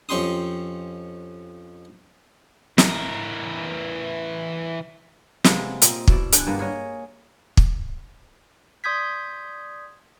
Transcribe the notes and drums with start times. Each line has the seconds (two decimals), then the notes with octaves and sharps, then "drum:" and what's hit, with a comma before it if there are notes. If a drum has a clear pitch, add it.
0.09 F2 C#4 G4 G5 C6 D#6
2.78 E3 A#4, drum: snare
5.44 C3 G#3 A#3 B3, drum: snare
5.82 A#2 C4 D#5, drum: hi-hat
6.08 B2 E4 D5, drum: kick
6.33 D3 D4 G#4 G5, drum: hi-hat
6.47 G2 A#3 B3
6.59 G#4 A#4 C#5 D#5
7.57 drum: kick
8.84 D5 C6 D#6 G6 G#6 B6